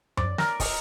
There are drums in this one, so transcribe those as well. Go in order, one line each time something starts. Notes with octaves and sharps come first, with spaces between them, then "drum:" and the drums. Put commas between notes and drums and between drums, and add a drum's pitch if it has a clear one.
D5, drum: tom F#2
A#4, drum: snare
D#5, drum: kick, open hi-hat